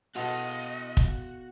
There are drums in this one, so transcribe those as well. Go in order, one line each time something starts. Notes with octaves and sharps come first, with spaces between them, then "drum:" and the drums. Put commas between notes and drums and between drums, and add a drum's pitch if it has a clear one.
B2 F#4 A4 D#5 F5
drum: kick